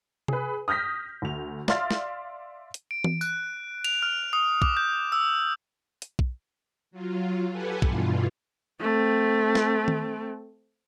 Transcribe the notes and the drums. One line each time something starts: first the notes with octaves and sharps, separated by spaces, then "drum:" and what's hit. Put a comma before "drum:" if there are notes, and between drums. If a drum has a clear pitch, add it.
G#4 B4, drum: tom C3
D#6 F6 G6 A#6 B6
D2 F7
D5 E5 F5 C6 F6 A6, drum: snare
drum: snare
drum: hi-hat
D7
drum: tom E3
F#6, drum: tambourine
F7, drum: cymbal
F6
D#6
D6, drum: kick B1
G6
E6
drum: hi-hat
drum: kick B1
F#3 F4
G4 A4 B4 F#5 G#5
G2 B2 E3 F4, drum: kick B1
A3 C4
drum: snare
drum: tom D#3